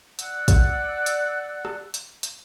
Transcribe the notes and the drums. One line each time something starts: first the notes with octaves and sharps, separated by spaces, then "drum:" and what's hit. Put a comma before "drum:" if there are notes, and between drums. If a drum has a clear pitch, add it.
D5 F#5 E6 F#6, drum: hi-hat
drum: kick, hi-hat
drum: hi-hat
drum: rim click
drum: hi-hat
drum: hi-hat